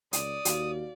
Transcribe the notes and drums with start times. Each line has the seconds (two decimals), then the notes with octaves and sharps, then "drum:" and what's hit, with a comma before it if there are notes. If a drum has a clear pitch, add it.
0.13 C#2 D5 D#6, drum: hi-hat
0.45 D#2 F#4 F5, drum: hi-hat